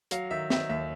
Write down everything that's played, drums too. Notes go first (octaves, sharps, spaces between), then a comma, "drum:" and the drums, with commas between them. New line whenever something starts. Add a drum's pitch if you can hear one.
F#3 F5, drum: hi-hat
D#3 E5
D#3 E5, drum: snare
D#2 E5